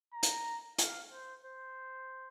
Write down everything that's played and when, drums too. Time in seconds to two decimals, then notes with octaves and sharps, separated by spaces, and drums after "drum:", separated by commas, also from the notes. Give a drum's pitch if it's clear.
0.14 A#5
0.23 drum: hi-hat
0.78 F5, drum: hi-hat
1.12 C5
1.44 C5